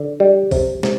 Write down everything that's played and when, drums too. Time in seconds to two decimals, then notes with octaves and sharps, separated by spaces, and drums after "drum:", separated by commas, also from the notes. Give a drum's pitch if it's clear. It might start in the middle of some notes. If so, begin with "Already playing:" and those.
Already playing: D3
0.20 G3
0.51 C3, drum: kick, open hi-hat
0.83 C3, drum: snare